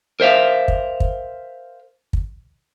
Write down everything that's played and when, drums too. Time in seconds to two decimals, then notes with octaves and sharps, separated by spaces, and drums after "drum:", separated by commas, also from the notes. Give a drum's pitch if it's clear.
0.20 A#4 C5 E5 F5
0.68 drum: kick
1.00 drum: kick
2.13 drum: kick